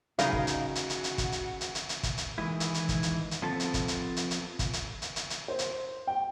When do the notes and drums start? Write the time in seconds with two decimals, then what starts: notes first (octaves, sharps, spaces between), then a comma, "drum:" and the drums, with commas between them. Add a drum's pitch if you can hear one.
0.19 C#3 D#4 F#4 A#4 B4 F5, drum: hi-hat
0.33 drum: kick
0.47 drum: hi-hat
0.75 drum: hi-hat
0.90 drum: hi-hat
1.04 drum: hi-hat
1.18 drum: kick, hi-hat
1.32 drum: hi-hat
1.61 drum: hi-hat
1.75 drum: hi-hat
1.89 drum: hi-hat
2.03 drum: kick, hi-hat
2.18 drum: hi-hat
2.38 D#3 E3 G#3 E4
2.60 drum: hi-hat
2.74 drum: hi-hat
2.89 drum: kick, hi-hat
3.03 drum: hi-hat
3.31 drum: hi-hat
3.42 F3 B3 C4 A4 A5
3.60 drum: hi-hat
3.74 drum: kick, hi-hat
3.88 drum: hi-hat
4.17 drum: hi-hat
4.31 drum: hi-hat
4.59 drum: kick, hi-hat
4.73 drum: hi-hat
5.02 drum: hi-hat
5.16 drum: hi-hat
5.30 drum: hi-hat
5.48 C5
5.59 drum: hi-hat
6.07 G5